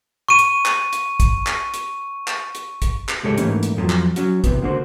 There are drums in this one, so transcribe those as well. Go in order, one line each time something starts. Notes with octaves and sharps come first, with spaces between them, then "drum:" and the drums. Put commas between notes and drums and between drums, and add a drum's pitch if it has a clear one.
C#6 D#7
drum: hi-hat
drum: clap
drum: hi-hat
drum: kick, hi-hat
drum: clap
drum: hi-hat
drum: clap
drum: hi-hat
drum: kick, hi-hat
drum: clap
C#2 G#2 G#3 G4 A4 C#5
G#2 E3 A3 A#3 C#4 D#4, drum: hi-hat
drum: hi-hat
F2 A2 D3 F3 F#3
drum: clap
F#3 C#4 F#4, drum: hi-hat
C3 E3 B3, drum: kick, hi-hat
C#2 D3 A#3 F#4 C5